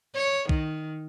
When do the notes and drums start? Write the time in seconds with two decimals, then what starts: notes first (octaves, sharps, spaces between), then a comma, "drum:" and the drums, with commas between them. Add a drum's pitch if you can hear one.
0.15 C#5
0.49 D#3, drum: kick B1